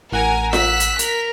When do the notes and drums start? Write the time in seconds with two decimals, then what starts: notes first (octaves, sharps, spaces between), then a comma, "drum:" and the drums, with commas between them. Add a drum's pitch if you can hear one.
0.12 A1 A#4 F#5 G#5
0.53 E6 F#6 B6, drum: snare F4
0.80 drum: hi-hat
0.99 A#4, drum: hi-hat